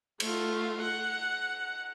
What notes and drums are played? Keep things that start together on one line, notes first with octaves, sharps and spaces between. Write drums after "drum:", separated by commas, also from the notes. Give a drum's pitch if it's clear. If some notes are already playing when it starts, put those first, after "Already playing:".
A3 F4, drum: cymbal
F#5